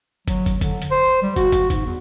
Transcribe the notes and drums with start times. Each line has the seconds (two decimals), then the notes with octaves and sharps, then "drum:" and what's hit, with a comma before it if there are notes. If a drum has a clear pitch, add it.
0.28 F#3, drum: kick, hi-hat
0.46 drum: kick, hi-hat
0.61 D3, drum: kick, hi-hat
0.82 drum: hi-hat
0.91 C5
1.22 G3
1.36 F#4, drum: kick, hi-hat
1.52 drum: kick, hi-hat
1.70 G#2, drum: kick, hi-hat
1.85 E2